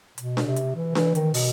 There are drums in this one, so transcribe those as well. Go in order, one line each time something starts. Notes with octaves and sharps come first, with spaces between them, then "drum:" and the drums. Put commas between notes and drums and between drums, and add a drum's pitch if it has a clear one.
B2, drum: hi-hat
drum: snare D4
C3
drum: hi-hat
E3
E3, drum: snare D4
D#3, drum: hi-hat
B2, drum: open hi-hat